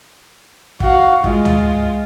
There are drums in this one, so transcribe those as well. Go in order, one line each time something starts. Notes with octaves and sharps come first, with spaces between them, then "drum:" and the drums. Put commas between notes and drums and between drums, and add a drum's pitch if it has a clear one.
F#4 F5, drum: kick
G#3 F4, drum: kick
drum: tom C#2